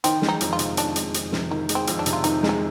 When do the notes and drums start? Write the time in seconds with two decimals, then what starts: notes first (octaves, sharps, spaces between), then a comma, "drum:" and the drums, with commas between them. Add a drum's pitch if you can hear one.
0.04 D#3 C4, drum: hi-hat
0.22 G#3, drum: snare
0.28 D#4
0.41 F2, drum: hi-hat
0.53 F4
0.59 C3, drum: hi-hat
0.77 D#3 D4, drum: hi-hat
0.96 G#3, drum: hi-hat
1.14 F2, drum: hi-hat
1.32 C3, drum: snare
1.50 D#3 A#3
1.69 G#3, drum: hi-hat
1.75 C4
1.87 F2, drum: hi-hat
1.99 D4
2.06 C3, drum: hi-hat
2.13 F4
2.24 D#3 D#4, drum: hi-hat
2.43 G#3, drum: snare
2.49 D#4